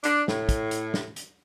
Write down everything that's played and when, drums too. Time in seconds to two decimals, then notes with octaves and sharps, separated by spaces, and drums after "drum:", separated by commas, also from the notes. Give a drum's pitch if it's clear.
0.04 D4, drum: hi-hat
0.28 A2, drum: snare
0.49 drum: kick, hi-hat
0.71 drum: hi-hat
0.94 drum: snare
1.16 drum: hi-hat